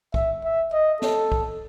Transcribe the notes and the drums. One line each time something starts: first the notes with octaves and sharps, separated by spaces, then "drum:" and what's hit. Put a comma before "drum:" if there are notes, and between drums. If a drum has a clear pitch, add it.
E5, drum: kick B1
E5
D#5
A4, drum: snare
drum: kick B1